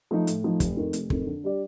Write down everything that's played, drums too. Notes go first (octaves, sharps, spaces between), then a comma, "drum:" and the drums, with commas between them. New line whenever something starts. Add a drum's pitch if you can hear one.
F3 A3 D#4
A2, drum: hi-hat
F3 A3 D#4
F1, drum: kick, hi-hat
F2 D#3
F1, drum: hi-hat
F2 D#3, drum: kick
D3
G3 D4 G4 D5